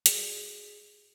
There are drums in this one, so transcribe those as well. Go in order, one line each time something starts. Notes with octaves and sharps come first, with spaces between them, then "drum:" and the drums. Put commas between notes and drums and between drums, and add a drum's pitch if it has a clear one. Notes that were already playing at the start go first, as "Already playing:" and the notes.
F#4 G#4 D5, drum: hi-hat